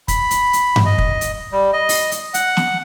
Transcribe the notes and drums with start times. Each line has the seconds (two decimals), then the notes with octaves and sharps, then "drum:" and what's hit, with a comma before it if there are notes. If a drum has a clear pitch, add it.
0.08 B5, drum: kick, hi-hat
0.31 drum: hi-hat
0.53 drum: hi-hat
0.76 drum: tom G2
0.86 D#5
0.98 drum: kick
1.21 drum: hi-hat
1.52 G3
1.73 D#5
1.89 drum: open hi-hat
2.11 drum: hi-hat
2.34 F#5, drum: hi-hat
2.57 drum: snare